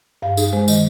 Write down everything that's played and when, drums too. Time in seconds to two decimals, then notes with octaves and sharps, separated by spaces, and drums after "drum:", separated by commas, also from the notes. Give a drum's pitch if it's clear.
0.22 G2 F5
0.37 D#4 G#4, drum: tambourine
0.53 G#3 C5
0.68 D#3 D#5, drum: tambourine